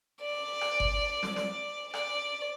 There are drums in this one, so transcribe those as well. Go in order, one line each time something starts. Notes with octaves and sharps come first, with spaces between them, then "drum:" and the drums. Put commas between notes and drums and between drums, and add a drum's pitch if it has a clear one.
D5
drum: rim click
drum: kick G1
drum: snare
D5, drum: snare
D5, drum: rim click